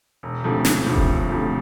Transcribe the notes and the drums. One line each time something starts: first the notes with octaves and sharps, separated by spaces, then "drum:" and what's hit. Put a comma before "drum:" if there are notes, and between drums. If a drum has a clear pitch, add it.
E1
D2 C3 F3 A3
E1, drum: snare
D2 C3 F3 A3
drum: kick E1
E1
D2 C3 F3 A3